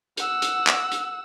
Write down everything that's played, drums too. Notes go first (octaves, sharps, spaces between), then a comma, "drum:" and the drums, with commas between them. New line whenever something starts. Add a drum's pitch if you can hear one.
F#5 E6, drum: hi-hat
drum: hi-hat
drum: clap
drum: hi-hat